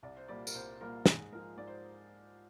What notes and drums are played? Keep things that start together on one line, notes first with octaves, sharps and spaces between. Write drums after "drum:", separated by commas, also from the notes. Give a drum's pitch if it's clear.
C2 D5
C5
A#2 G3 A#3 D5
A#4, drum: tambourine
C2 C5
A#2 G3 A#3 A#4
G#2 G#4, drum: snare
F3 G#3 A#4
G#2 D5
C5